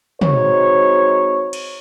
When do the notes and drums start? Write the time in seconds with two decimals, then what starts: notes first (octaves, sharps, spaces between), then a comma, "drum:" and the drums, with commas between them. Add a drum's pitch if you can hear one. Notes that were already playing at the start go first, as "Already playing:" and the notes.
0.21 G#3 C4 D#4 F#4 C5 C#5, drum: tom
1.53 drum: cymbal